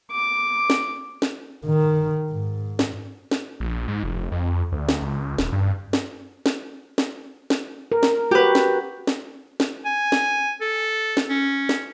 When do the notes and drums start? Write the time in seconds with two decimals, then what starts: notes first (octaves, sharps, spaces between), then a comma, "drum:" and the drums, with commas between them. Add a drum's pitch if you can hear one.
0.11 D6
0.70 drum: snare
1.22 drum: snare
1.66 D#3
2.31 G#2
2.79 drum: snare
3.31 drum: snare
3.60 A#1
3.88 G#2
4.04 F1
4.32 F2
4.72 D2
4.89 drum: snare
5.02 C#2
5.38 D#1, drum: snare
5.52 G2
5.93 drum: snare
6.46 drum: snare
6.98 drum: snare
7.50 drum: snare
7.92 A#4
8.03 drum: snare
8.31 F#4 G4 B4
8.55 drum: snare
9.07 drum: snare
9.60 drum: snare
9.85 G#5
10.12 drum: snare
10.61 A4
11.17 drum: snare
11.29 C#4
11.69 drum: snare